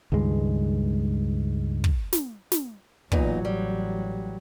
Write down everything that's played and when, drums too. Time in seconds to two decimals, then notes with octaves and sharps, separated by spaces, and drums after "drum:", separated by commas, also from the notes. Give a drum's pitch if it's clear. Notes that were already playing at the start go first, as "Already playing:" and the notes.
0.12 C#2 G2 D#3 G#3
1.84 drum: kick
2.13 drum: snare
2.52 drum: snare
3.12 A1 E2 A#2 F#3 D#4, drum: kick
3.45 G3